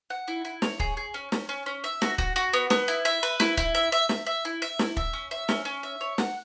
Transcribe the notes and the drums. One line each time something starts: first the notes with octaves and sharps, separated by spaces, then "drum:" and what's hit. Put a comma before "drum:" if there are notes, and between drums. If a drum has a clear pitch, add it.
F#5
E4
E4
C#5, drum: snare
G#4, drum: kick
G#4
C#4
C#4, drum: snare
C#4
C#4
E5
F#4, drum: snare
F#4, drum: kick
F#4
B3
B3, drum: snare
E4
E5
B4
E4, drum: snare
E4, drum: kick
E5
E5
E5, drum: snare
E5
E4
E5
E4, drum: snare
E5, drum: kick
C#4
E5
C#4, drum: snare
C#4
E5
C#5
F#5, drum: snare